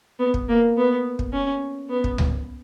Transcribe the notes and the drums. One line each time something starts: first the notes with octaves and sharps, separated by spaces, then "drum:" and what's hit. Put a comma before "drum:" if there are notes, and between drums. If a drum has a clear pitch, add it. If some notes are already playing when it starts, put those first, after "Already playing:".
B3
drum: kick
A#3
B3
drum: kick
C#4
B3
drum: kick
drum: tom C#2